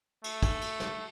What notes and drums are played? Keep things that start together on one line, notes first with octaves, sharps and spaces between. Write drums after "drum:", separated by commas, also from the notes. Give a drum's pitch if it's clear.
A3, drum: cymbal
drum: kick, cymbal
drum: cymbal
drum: snare